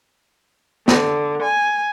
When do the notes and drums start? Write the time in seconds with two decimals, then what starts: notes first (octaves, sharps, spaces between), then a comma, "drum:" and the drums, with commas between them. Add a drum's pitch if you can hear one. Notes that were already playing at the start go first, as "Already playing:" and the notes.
0.88 D3, drum: snare
1.42 G#5